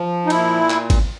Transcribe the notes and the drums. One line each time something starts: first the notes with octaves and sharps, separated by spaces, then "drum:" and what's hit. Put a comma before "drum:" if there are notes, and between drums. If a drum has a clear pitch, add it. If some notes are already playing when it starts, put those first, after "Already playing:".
Already playing: F3
D#4
A#2 E4, drum: cymbal
drum: clap
drum: kick, cymbal